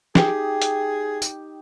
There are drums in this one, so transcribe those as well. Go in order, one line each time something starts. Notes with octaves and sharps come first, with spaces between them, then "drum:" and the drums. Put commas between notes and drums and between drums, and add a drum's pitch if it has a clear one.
D#4 G4 G#4, drum: snare
drum: hi-hat
drum: tambourine